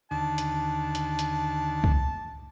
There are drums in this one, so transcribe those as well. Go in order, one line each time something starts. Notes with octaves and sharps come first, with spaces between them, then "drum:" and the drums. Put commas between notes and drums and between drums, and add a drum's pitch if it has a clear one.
D#2 D3 A5
drum: hi-hat
drum: hi-hat
drum: hi-hat
drum: kick